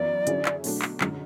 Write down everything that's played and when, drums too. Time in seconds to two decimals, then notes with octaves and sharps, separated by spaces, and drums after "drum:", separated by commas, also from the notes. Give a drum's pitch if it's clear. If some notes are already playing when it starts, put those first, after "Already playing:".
Already playing: F#2 E3 B3 E4 D5
0.27 D3 F#3 C#4 E4 G#4, drum: hi-hat
0.45 drum: clap
0.64 B2 F#3 A3 D4, drum: open hi-hat
0.82 drum: clap
1.01 F#2 D3 G#3, drum: clap